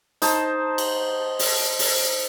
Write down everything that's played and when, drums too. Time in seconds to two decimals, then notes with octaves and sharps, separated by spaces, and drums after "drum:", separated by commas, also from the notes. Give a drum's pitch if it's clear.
0.22 D#4 C5 A5, drum: hi-hat
0.78 drum: cymbal
1.39 drum: open hi-hat
1.79 drum: open hi-hat